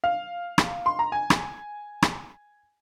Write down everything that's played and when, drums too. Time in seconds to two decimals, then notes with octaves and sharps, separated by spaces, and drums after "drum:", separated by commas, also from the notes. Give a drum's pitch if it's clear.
0.04 F5
0.58 drum: rim click
0.86 C6
0.99 A#5
1.12 G#5
1.30 drum: rim click
2.02 drum: rim click